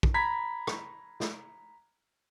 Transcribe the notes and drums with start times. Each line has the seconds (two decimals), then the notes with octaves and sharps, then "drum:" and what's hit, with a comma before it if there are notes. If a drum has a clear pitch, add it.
0.03 drum: kick
0.14 A#5 B5 G#6 B6
0.67 drum: rim click
1.20 drum: snare